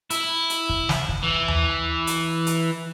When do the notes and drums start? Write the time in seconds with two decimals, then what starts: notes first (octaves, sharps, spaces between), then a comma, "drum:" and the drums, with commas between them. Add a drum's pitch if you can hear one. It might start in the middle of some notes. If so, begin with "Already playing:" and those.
0.10 E4, drum: hi-hat
0.50 drum: hi-hat
0.69 drum: kick
0.89 drum: snare
1.09 drum: kick
1.23 E3
1.48 drum: tom D#2
2.07 drum: hi-hat
2.47 drum: hi-hat